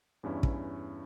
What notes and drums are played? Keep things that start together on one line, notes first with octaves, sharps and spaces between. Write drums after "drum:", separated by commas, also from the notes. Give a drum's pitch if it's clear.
E2 G2 C#4 E4
drum: kick